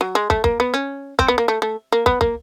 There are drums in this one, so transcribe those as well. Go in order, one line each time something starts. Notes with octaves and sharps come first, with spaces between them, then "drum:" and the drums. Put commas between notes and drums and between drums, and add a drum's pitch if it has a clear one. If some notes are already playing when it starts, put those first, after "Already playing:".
F#3
G#3
A3, drum: kick
A#3, drum: kick
B3
C#4
C4, drum: kick
B3
A#3
A3
A3
A#3
B3, drum: kick
A#3, drum: kick